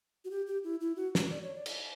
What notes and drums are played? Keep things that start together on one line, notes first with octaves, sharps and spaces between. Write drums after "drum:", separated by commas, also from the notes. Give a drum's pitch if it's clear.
F#4
G4
G4
E4
E4
F#4
drum: snare
D5
C#5
D5
drum: cymbal